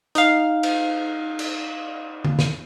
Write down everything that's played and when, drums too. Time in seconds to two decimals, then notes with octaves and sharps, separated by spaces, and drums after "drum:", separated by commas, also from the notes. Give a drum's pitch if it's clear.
0.15 D#4 F5, drum: hi-hat
0.63 drum: cymbal
1.39 drum: cymbal
2.25 drum: tom D3
2.39 drum: snare